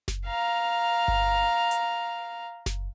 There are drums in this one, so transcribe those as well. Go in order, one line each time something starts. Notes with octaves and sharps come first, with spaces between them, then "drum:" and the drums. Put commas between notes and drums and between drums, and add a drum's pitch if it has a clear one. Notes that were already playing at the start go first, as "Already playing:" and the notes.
drum: snare F#1
F5 A#5
drum: kick G1
drum: hi-hat
drum: snare F#1